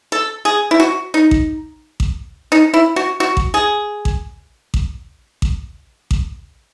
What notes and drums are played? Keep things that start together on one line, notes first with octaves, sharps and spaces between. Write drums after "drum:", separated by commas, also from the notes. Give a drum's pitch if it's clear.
A4
G#4
E4
F#4
D#4
drum: kick A1
drum: kick A1
D#4
E4
F#4
F#4
drum: kick A1
G#4
drum: kick A1
drum: kick A1
drum: kick A1
drum: kick A1